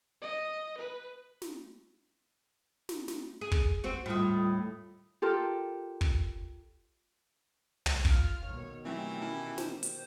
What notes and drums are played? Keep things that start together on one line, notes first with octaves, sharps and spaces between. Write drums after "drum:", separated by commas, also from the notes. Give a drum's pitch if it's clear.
D#5
B4
drum: snare
drum: snare
drum: snare
G#4
drum: kick
C4 F#4
D#2 A2 G3 F4 D#6
F4 G4 A4 A#4
drum: kick
drum: tom
F4 F6, drum: kick
B2 D#3 C#5
E3 F#3 A3 C4 G4
C#4 E4 A5
C5, drum: snare
drum: hi-hat